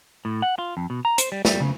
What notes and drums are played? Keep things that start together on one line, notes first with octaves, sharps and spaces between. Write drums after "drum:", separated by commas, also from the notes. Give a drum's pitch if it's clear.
A2
F#5
F4
F2
B2
A#5
C5, drum: hi-hat
G3
G3, drum: snare
C#3